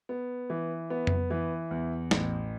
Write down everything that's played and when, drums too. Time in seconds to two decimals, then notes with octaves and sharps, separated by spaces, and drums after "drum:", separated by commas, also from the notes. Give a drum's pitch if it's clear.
0.09 B3
0.50 E3
0.90 B3
1.07 drum: tom F2
1.30 E3
1.71 E2
2.11 A1, drum: snare